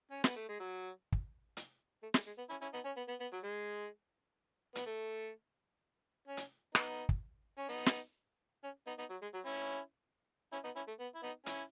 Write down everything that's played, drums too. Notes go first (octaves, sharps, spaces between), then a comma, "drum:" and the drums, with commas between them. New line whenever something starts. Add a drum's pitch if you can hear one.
C#4
B3, drum: snare
A3
G#3
F#3
drum: kick
drum: hi-hat
A3
G#3, drum: snare
G#3
B3
C#4 E4
C#4 E4
B3 D#4
C#4
B3
B3
B3
F#3
G#3
B3, drum: hi-hat
A3
C#4
drum: hi-hat
B3 D#4, drum: rim click
drum: kick
C#4
B3 D#4
drum: snare
C#4
B3 D#4
B3 D#4
F#3
G#3
F#3
C#4 E4
C#4 E4
B3 D#4
C#4 E4
A3
B3
E4
B3 D#4
C#4 E4, drum: hi-hat